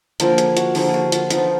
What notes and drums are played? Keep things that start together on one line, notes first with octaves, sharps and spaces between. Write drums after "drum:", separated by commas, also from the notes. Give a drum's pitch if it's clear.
D3 F3 A#3 A#4, drum: hi-hat
G#4, drum: hi-hat
F#4, drum: hi-hat
D3 F3 A#3 G#4, drum: open hi-hat
G#4
F#4
F4, drum: hi-hat
D3 F3 B3 D#4, drum: hi-hat
F4